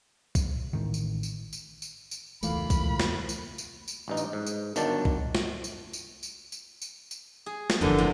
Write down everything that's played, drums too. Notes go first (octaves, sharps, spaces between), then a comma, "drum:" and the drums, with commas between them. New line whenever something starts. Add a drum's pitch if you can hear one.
drum: kick, tambourine
A1 A2 D#3
drum: tambourine
drum: tambourine
drum: tambourine
drum: tambourine
drum: tambourine
E1 C#2 E3 A3 A#3 F4 F5 B5, drum: tambourine
drum: kick, tambourine
drum: snare
drum: tambourine
drum: tambourine
drum: tambourine
A1 G2 D#4
drum: tambourine
G#2
drum: tambourine
G1 D#3 F#3 D4 A5, drum: tambourine
drum: kick
drum: snare
drum: tambourine
drum: tambourine
drum: tambourine
drum: tambourine
drum: tambourine
drum: tambourine
G#4
drum: snare
G1 F2 D3 E3 G3 A#3
F#2 A2 C3